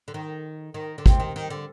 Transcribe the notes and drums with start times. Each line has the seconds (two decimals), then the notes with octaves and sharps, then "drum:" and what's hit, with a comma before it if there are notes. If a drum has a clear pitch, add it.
0.08 D3
0.14 D#3
0.74 D#3
0.98 D3
1.06 C3, drum: kick
1.20 D#3
1.36 D#3
1.50 D3